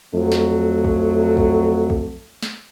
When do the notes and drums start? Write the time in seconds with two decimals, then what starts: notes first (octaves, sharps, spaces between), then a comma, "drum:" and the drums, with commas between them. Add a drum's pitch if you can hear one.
0.14 F2 F#3 A3
0.32 drum: snare
0.84 drum: kick
1.37 drum: kick
1.90 drum: kick
2.43 drum: snare